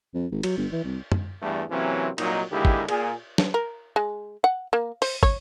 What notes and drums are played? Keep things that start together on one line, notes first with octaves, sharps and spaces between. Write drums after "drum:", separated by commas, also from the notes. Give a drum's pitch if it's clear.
F2
G#1
F#3, drum: cymbal
G1
E3
C2
drum: tom
E2 G2 E3 G3 A3
C3 E3 F#3 A#3 C4 C#4
C2 A#2 F#3 A#3 D#4, drum: cymbal
D#2 D3 G#3 A#3 E4 G4
drum: kick
A#2 G#4, drum: cymbal
drum: snare
A#4
G#3
F#5
A#3
C5, drum: open hi-hat
C#5, drum: kick